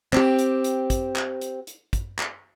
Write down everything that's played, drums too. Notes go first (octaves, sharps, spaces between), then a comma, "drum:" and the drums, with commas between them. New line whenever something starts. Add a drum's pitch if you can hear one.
C4 G4, drum: clap
drum: hi-hat
drum: hi-hat
drum: kick, hi-hat
drum: clap
drum: hi-hat
drum: hi-hat
drum: kick, hi-hat
drum: clap